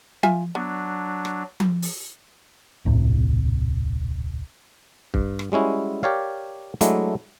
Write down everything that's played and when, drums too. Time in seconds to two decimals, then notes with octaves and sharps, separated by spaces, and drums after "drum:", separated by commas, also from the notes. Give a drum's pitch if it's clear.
0.23 F4 E5 G#5, drum: tom F3
0.55 F#3 B3 D4
1.25 drum: rim click
1.60 drum: tom F3
1.82 drum: open hi-hat
2.85 D#1 C2 A2 C3
5.14 G2, drum: kick
5.39 drum: rim click
5.52 G3 G#3 C#4 E4 F#4
6.03 G4 A#4 C#5 D5 F5
6.81 F#3 G#3 A3 D4 E4, drum: hi-hat